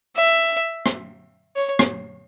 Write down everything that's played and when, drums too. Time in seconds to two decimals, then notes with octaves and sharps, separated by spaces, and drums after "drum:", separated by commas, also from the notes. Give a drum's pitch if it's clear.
0.16 E5
0.86 drum: rim click
1.56 C#5
1.79 drum: rim click